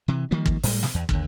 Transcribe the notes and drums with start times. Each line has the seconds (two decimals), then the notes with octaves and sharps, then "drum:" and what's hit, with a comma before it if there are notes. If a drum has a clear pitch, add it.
0.08 C3 E3
0.31 D#3 F3 G3 A#3
0.46 drum: kick
0.63 A2 G3 G#3, drum: open hi-hat
0.83 drum: snare
0.94 E2
1.09 D#2 D3, drum: kick